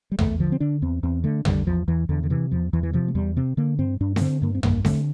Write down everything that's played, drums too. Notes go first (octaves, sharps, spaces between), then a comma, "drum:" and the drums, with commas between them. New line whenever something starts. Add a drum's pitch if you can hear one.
G3
E2 A3, drum: tom
D3 F3
C4
D3 D4
E2 C4
E2 C4
D3 A3
D3 G3, drum: tom
E2 F3
E2 E3
E2 D3
D3
C3 E3
E2 F3
E2 E3
E3
C3 F3
A3
E2 G3
C3 C4
D3 A#3
G2 C4
G2 D4
A#3, drum: snare C4
D3 C4
G2 A#3
C4
G2 A#3, drum: tom
D3 A3, drum: snare C4